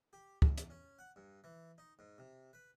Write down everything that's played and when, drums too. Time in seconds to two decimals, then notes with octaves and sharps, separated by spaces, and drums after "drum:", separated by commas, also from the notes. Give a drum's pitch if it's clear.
0.13 G4
0.42 E2, drum: kick
0.58 drum: hi-hat
0.70 C#4
0.99 F#5
1.16 G2
1.44 E3
1.78 D#4
1.99 G#2
2.18 C3
2.53 B4